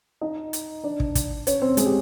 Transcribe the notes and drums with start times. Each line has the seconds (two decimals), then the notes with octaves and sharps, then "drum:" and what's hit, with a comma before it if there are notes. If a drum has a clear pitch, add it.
0.21 D#4 D#5
0.53 drum: hi-hat
0.84 D4 D5
1.00 drum: kick
1.15 drum: kick, hi-hat
1.47 C#4 C#5, drum: hi-hat
1.62 C4 C5
1.77 G#3 G#4, drum: hi-hat
1.86 G4